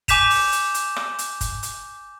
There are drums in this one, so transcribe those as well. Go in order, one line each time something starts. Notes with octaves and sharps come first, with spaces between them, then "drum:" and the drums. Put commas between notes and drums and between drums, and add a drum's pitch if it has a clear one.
G#5 D6 G6 B6 E7 F7, drum: kick F#1, hi-hat
drum: open hi-hat
drum: hi-hat
drum: hi-hat
drum: rim click
drum: hi-hat
drum: kick F#1, hi-hat
drum: hi-hat